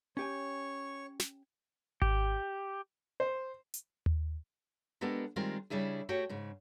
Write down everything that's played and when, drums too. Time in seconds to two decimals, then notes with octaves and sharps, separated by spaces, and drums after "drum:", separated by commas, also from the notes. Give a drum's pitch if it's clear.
0.17 C#4 G4 C#5 G#5 C#6
1.20 drum: snare
2.02 G4, drum: kick G#1
3.20 C5
3.74 drum: hi-hat
4.06 drum: tom D#2
5.01 G#3 B3 D4 G4 A4 A#4
5.36 D#3 G3 G#3 C4 F4 A#4
5.70 C#3 G3 D4 E4 G#4
6.09 A3 F#4 G4 C#5 G5
6.29 G#2 C#3